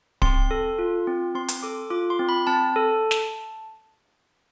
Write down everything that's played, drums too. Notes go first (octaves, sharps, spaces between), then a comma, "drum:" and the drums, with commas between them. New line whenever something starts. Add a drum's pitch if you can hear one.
C4 C6, drum: kick D1
A4
F4
C4
C4 C6
drum: hi-hat
A4 D6
F4 D6
C6
C4
B5
C4 A5
A4
drum: snare